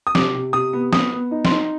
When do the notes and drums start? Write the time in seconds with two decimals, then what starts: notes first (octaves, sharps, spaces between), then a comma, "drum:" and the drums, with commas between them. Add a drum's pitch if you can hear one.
0.07 D#6
0.15 C3 D6, drum: snare
0.34 C3
0.53 C3 D#6
0.73 B3
0.93 B3 D#6, drum: snare
1.12 B3
1.31 D#4
1.45 C6, drum: snare
1.51 D#4